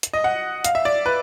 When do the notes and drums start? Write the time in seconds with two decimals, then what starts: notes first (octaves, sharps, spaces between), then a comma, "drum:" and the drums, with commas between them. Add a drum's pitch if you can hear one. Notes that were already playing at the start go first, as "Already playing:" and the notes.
0.03 drum: hi-hat
0.13 D#5
0.24 F#5
0.64 F5, drum: hi-hat
0.75 E5
0.85 D5
1.06 B4